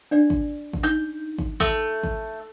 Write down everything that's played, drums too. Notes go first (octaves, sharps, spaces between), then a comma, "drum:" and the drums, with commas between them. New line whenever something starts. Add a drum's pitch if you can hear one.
D4 D5
drum: kick
drum: kick
D#4 G6
drum: kick
A3, drum: kick
drum: kick